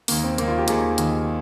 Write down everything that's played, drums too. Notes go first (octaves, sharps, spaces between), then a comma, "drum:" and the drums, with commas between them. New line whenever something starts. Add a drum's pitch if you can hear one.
D#2 D#3 A#3, drum: open hi-hat
C4
D#2 D#3 A#3, drum: hi-hat
F4
G4
D#2 D#3 G#4, drum: hi-hat
D#2 D#3, drum: hi-hat